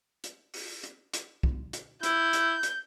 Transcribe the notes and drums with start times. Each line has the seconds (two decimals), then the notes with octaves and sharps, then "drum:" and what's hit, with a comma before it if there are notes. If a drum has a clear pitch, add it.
0.24 drum: hi-hat
0.54 drum: open hi-hat
0.84 drum: hi-hat
1.14 drum: hi-hat
1.43 drum: kick
1.73 drum: hi-hat
2.03 E4 G6, drum: hi-hat
2.33 drum: hi-hat
2.63 drum: hi-hat